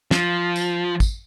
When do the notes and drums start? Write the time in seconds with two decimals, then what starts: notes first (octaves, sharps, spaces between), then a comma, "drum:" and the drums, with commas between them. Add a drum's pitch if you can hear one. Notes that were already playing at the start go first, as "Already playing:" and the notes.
0.11 F3, drum: snare
0.56 drum: tambourine
1.00 drum: kick, tambourine